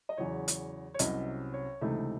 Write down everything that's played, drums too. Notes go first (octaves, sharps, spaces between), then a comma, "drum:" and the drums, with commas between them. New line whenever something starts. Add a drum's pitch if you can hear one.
D#5
E2 C#3 F#3 C#5
drum: hi-hat
C#5
C2 C3 F#3 C#4 D#5, drum: hi-hat
C#5
C#2 C3 E3 A3 D#4